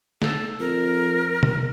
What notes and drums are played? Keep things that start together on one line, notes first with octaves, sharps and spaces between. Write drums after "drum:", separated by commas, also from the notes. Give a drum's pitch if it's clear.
A4, drum: snare
F2 A#4
drum: tom